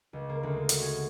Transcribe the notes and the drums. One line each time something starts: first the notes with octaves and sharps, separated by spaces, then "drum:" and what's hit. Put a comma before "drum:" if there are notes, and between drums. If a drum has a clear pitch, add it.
C#2
A#3
D2
G#3
F#4, drum: hi-hat
G#4